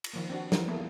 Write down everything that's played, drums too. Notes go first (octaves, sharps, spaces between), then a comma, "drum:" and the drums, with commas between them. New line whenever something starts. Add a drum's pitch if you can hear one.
drum: cymbal
D#3 F3 A#3
C4 D4 F#4
E3 F3 G3 A#4 B4, drum: snare
A#3 B3 E4 G#4 A4